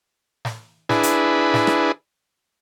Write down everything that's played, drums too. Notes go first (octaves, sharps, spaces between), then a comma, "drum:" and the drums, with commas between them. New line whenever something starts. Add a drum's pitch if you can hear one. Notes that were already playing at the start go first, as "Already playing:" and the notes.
drum: snare
D4 E4 G#4 B4, drum: snare
drum: hi-hat
drum: snare
drum: rim click